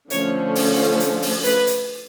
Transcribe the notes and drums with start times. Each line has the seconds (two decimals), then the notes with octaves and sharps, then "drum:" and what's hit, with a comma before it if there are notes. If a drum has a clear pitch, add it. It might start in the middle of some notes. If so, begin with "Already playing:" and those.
0.10 D3 F3 A3 C#4 C#5, drum: hi-hat
0.55 drum: open hi-hat
1.00 drum: hi-hat
1.22 drum: open hi-hat
1.45 B4, drum: hi-hat
1.67 drum: hi-hat